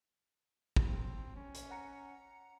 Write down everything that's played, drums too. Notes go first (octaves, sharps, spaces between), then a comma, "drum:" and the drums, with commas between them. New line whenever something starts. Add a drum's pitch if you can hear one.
drum: kick
C4
C#4
drum: hi-hat
F#5 A#5 C#7